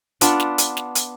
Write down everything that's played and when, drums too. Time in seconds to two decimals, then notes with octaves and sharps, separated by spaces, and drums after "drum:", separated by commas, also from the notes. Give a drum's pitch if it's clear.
0.21 B3 D4 F4 F#5, drum: hi-hat
0.40 drum: snare
0.58 drum: hi-hat
0.77 drum: snare
0.95 drum: hi-hat